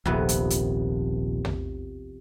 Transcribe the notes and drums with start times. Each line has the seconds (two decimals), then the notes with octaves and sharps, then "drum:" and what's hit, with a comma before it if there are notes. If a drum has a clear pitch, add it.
0.05 D#1 A#1 F2 C3 B3
0.29 drum: hi-hat
0.50 drum: hi-hat
1.45 drum: tom